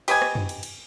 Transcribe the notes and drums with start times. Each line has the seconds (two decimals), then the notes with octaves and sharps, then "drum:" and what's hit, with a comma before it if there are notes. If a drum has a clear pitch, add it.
0.08 G4 B4 D#5 G#5, drum: cymbal
0.22 drum: rim click
0.35 drum: tom
0.49 drum: cymbal
0.63 drum: cymbal